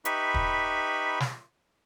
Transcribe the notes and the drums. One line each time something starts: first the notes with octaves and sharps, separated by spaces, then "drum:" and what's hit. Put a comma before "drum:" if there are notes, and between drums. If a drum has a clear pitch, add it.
D#4 G4 B4 E5 B5 C#6, drum: hi-hat
drum: kick
drum: snare